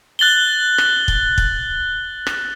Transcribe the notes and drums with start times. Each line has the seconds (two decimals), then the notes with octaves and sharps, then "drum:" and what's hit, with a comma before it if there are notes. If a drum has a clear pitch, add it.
0.19 F#6 A6 F#7 G7
0.78 drum: rim click
1.08 drum: kick
1.38 drum: kick
2.27 drum: rim click